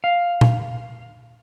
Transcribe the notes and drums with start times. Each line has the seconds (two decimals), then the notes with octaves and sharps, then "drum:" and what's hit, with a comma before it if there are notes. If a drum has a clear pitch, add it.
0.04 F5
0.41 drum: tom A#2